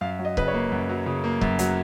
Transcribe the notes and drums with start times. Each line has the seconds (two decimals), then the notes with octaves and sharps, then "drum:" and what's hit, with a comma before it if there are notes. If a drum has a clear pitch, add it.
0.01 F#2 F5
0.19 F#3
0.25 D#5
0.37 C#3 B4, drum: kick
0.48 C#5
0.54 A#3
0.72 F#2
0.89 F#3
1.06 C#3
1.24 A#3
1.41 F#2, drum: kick
1.59 F#3, drum: hi-hat